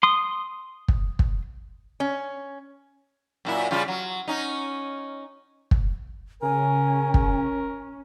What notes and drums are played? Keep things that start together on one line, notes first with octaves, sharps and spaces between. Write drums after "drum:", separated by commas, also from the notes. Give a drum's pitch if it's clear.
C6 D#6
drum: kick
drum: kick
C#4
F#2 A#2 E4
C#3 G3 F4
F#3
C#4 D#4
drum: kick
C#3 C#4 A#4 G#5
drum: kick